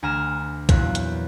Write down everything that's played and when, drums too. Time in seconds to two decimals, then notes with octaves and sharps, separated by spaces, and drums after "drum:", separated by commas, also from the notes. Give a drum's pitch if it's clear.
0.03 D2 F#5 G#5 A#5 F6 E7
0.69 E2 A#2 F#3 F#6, drum: kick, hi-hat
0.95 drum: hi-hat